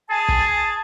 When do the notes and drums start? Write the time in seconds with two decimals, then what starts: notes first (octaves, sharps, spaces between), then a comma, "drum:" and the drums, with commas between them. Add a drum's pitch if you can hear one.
0.10 G#4 G#5 A5
0.29 drum: kick